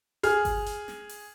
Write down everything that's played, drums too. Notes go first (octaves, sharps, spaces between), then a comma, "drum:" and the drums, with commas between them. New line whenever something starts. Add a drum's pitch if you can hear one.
G#4 F6, drum: hi-hat
drum: kick G1, open hi-hat
drum: hi-hat
drum: snare
drum: open hi-hat